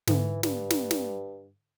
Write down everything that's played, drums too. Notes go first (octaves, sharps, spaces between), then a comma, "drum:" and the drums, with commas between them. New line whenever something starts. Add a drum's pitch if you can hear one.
G#2 D3 E3, drum: snare
G2, drum: snare
drum: snare
drum: snare